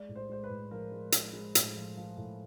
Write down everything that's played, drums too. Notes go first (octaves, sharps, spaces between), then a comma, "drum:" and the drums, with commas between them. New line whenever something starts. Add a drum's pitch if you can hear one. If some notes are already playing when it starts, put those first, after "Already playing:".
Already playing: G#3 D5
A2
C5
G#3 C5
B4
A2
F3 A#4
G#3
G#3, drum: hi-hat
G#3
A2, drum: hi-hat
F3
F3
A2